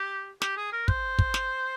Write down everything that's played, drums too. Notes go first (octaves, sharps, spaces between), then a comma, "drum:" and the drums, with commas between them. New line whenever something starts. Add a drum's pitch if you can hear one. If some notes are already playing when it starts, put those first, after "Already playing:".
Already playing: G4
G4, drum: snare
G#4
A#4
C5, drum: kick
drum: kick
drum: snare